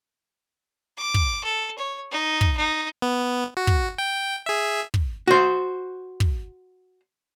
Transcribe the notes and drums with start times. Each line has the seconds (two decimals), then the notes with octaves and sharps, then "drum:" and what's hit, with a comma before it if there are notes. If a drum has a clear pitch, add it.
0.98 D6
1.14 drum: kick
1.44 A4
1.78 C#5
2.12 D#4
2.41 drum: kick
2.57 D#4
3.02 B3
3.57 F#4
3.67 drum: kick
3.98 G5
4.46 G#4 E5
4.94 drum: kick
5.27 F#4 C5
6.20 drum: kick